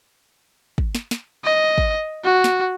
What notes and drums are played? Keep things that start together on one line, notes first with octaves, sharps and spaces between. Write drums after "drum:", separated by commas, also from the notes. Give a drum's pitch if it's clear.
drum: kick
drum: snare
drum: snare
D#5
drum: kick
F#4
drum: snare